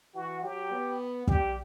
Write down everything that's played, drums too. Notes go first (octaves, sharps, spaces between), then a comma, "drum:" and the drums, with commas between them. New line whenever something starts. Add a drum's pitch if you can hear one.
E3 F#4
F#3 G4
B3
G3 G4, drum: kick